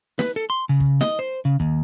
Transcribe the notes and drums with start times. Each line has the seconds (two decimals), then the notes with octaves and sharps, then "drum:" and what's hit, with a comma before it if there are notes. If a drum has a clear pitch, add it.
0.19 B4, drum: snare
0.36 A4
0.50 C6
0.69 C#3
0.80 drum: kick
1.01 D#5, drum: snare
1.19 C5
1.45 C#3
1.60 D#2, drum: kick